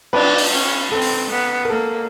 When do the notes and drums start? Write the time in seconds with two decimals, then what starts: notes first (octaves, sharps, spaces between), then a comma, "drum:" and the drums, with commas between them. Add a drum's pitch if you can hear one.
0.13 D4 B4, drum: cymbal
0.38 drum: open hi-hat
0.53 C#4
0.91 C4 A4
1.01 drum: open hi-hat
1.30 B3
1.65 A#4
1.70 A#3 A4